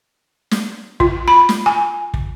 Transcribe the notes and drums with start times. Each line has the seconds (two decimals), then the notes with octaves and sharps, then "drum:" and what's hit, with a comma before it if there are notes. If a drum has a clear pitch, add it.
0.51 drum: snare
1.00 F4, drum: kick
1.28 B5
1.49 drum: snare
1.66 G#5
2.14 drum: kick